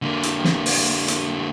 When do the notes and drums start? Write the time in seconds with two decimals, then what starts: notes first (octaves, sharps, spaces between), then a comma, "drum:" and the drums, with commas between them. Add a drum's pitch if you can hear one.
0.02 D3 A#3
0.23 drum: hi-hat
0.45 drum: snare
0.66 drum: open hi-hat
1.08 drum: hi-hat